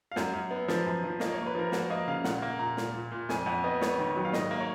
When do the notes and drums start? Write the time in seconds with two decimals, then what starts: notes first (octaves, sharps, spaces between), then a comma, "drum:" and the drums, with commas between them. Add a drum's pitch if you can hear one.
0.12 F5
0.16 F#2 F#5, drum: snare
0.33 F#2
0.51 B3
0.68 F3, drum: snare
0.86 F#2
1.04 F3
1.20 A#3 D#5, drum: snare
1.33 C#5
1.38 A#3
1.47 B4
1.55 F3 A#4
1.72 A#3 F#4, drum: snare
1.90 A#3 D#5
2.07 C#3 F5
2.24 A#2 F#5, drum: snare
2.42 A#3
2.59 A#2 A#5
2.77 A#2, drum: snare
2.94 A#2
3.12 A#2
3.29 F2 G#5, drum: snare
3.46 F2 F#5
3.64 B3 D#5
3.81 B3 C#5, drum: snare
3.99 D#3
4.16 F#3
4.25 F5
4.33 G#2 D#5, drum: snare
4.51 A#3
4.60 C#5